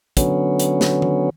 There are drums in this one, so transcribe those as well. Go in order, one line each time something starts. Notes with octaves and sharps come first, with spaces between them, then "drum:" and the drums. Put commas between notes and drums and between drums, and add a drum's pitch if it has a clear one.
D3 F#3 B3 C#4, drum: kick, hi-hat
drum: hi-hat
drum: snare
drum: tom D#3